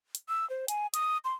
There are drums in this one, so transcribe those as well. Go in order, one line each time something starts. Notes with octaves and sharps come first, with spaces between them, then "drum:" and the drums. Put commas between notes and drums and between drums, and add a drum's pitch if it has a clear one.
drum: hi-hat
E6
C5
G#5, drum: hi-hat
D#6, drum: hi-hat
C6